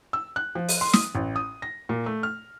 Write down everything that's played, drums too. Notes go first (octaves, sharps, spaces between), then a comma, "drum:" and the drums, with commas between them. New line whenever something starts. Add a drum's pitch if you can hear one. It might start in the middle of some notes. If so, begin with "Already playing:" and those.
E6
F#6
F3
drum: open hi-hat
C6
D#6, drum: snare
A1
D#6
A#6
A#2
A3
F6